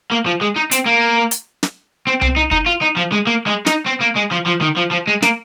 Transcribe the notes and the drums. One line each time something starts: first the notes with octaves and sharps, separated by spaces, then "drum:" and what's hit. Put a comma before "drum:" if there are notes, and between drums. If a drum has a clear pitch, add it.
A#3
F3
G#3
D#4
C4, drum: hi-hat
A#3
drum: hi-hat
drum: snare
C4
C4, drum: tom C2
D#4
D#4, drum: kick
F4
D#4
F3
G#3
A#3
G#3
D#4, drum: snare
C4
A#3
G#3
F3
F3
D#3
F3
F3
G#3
A#3, drum: snare